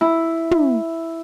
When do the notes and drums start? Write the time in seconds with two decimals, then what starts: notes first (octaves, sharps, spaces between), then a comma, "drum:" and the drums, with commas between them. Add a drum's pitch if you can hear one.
0.01 E4
0.51 drum: tom